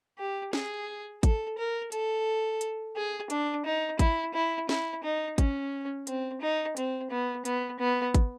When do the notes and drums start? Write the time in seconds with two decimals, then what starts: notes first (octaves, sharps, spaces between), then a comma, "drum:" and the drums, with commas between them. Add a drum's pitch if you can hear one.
0.18 G4
0.53 G#4, drum: snare
1.23 A4, drum: kick G#1, hi-hat
1.58 A#4
1.92 A4, drum: hi-hat
2.61 drum: hi-hat
2.96 G#4
3.30 D4, drum: hi-hat
3.65 D#4
3.99 E4, drum: kick G#1, hi-hat
4.34 E4
4.69 E4, drum: snare
5.04 D#4
5.38 C#4, drum: kick G#1, hi-hat
6.07 C4, drum: hi-hat
6.41 D#4
6.77 C4, drum: hi-hat
7.11 B3
7.45 B3, drum: hi-hat
7.79 B3
8.14 drum: kick G#1, hi-hat